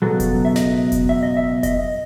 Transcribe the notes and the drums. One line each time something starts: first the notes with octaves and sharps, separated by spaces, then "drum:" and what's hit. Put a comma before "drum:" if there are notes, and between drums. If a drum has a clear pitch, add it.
C#2 B2 F#3 B3 A4
drum: kick F1, hi-hat
E5
D#5, drum: snare
drum: kick F1, hi-hat
E5
D#5
E5
D#5, drum: kick F1, hi-hat